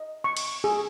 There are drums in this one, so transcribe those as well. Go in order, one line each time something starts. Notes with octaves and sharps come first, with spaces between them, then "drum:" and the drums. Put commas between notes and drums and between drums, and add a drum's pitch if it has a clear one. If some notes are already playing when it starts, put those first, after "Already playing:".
Already playing: D#5
C#6
drum: cymbal
G#4